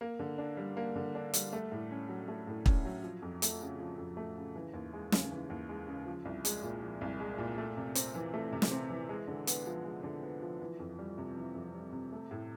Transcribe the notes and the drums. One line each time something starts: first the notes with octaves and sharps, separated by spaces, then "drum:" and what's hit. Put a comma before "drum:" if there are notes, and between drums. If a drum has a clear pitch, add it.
A#3
D3
D4
G3
A#3
D3
D4
G3, drum: hi-hat
A3
A2
C#4
F#3
A3
A2
C#4, drum: kick
F#3
F3
F2
A3, drum: hi-hat
C#3
F3
F2
A3
C#3
E3
D#2
G#3
C#3, drum: snare
E3
D#2
G#3
C#3
F3
C2
G#3, drum: hi-hat
A#2
F3
C2
G#3
A#2
A3
C3
C4, drum: hi-hat
E3
A3
C3
drum: snare
C4
E3
G#3
D3
B3, drum: hi-hat
F3
G#3
D3
B3
F3
E3
F2
G3
C3
E3
F2
G3
C3
A3
A2